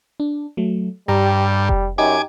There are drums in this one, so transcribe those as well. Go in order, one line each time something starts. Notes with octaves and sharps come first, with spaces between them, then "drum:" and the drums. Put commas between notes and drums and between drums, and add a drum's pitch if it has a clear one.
D4
F#3 A3
G2 G3 A#5
drum: kick F1
F#2 D#4 G4 G#5 D6